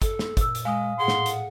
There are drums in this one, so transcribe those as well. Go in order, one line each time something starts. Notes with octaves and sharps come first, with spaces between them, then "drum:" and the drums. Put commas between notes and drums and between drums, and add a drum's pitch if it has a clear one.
A4, drum: kick, hi-hat
drum: snare
A#2 E6, drum: kick, hi-hat
drum: hi-hat
G#3 F5 G#5 D#6
A2 G#4 F#5 C6
drum: snare
drum: hi-hat